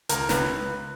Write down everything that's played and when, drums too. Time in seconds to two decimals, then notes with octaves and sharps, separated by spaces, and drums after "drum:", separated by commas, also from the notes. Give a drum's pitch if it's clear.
0.09 C#2 A#4, drum: hi-hat
0.29 C#2 B4, drum: snare